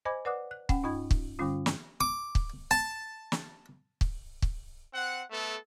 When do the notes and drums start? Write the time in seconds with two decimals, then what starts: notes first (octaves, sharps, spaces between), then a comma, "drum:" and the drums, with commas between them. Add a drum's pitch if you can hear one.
0.05 C5 D#5 G#5 B5 D6 G#6
0.25 B4 D5 F#5 D6 D#6 F#6
0.51 F#6
0.69 C#4 F#5 G5, drum: kick
0.83 G2 D#4 F4 D#5 B5 G#6
1.11 drum: kick
1.39 G2 D3 G3 C#4 F4
1.66 drum: snare
2.01 D6
2.35 drum: kick
2.71 A5
3.32 drum: snare
4.01 drum: kick
4.42 drum: kick
4.93 C4 F#5
5.30 A3 B3 A4